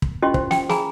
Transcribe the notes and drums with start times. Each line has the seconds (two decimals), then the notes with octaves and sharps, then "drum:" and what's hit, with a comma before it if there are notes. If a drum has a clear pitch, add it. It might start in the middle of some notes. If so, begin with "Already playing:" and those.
0.02 drum: kick
0.22 C#4 E4 F4 G4 D#5 C6
0.34 C5, drum: kick
0.51 G5, drum: snare
0.69 G#4 G#5 A#5 B5, drum: snare